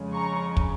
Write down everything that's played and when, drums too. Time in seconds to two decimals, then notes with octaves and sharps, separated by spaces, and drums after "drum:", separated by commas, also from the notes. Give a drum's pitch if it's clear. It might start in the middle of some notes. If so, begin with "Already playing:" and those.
Already playing: F2 C#3 G#3
0.13 A#5 C#6
0.57 drum: kick